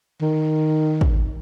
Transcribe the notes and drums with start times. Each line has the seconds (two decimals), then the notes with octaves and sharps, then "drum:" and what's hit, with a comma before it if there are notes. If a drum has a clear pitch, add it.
0.22 D#3
1.01 drum: kick